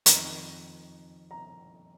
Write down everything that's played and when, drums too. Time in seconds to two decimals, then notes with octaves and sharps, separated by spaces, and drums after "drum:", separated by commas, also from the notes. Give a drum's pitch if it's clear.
0.06 F2 D#3 A#5, drum: hi-hat
1.31 A#5